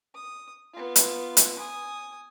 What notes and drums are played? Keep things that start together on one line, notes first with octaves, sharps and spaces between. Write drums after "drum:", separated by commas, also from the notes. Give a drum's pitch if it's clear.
D#6
B3 F4
drum: hi-hat
drum: hi-hat
G#5 D#6